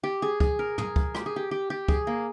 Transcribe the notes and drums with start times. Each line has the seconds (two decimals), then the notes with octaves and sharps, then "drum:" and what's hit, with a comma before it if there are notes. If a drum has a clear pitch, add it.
0.03 G4
0.22 G#4
0.40 G#4, drum: kick
0.59 A#4
0.78 G#4, drum: tom
0.96 drum: kick
1.15 G4, drum: rim click
1.26 G#4
1.36 G4
1.51 G4
1.70 G4
1.88 G#4, drum: kick
2.07 A#3